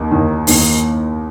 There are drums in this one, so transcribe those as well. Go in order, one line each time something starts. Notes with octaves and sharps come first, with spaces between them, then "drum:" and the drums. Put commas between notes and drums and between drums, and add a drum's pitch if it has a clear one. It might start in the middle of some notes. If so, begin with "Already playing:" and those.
Already playing: D#2 D#3 A#3
D#2 D#3 A#3
D#2 D#3 A#3, drum: open hi-hat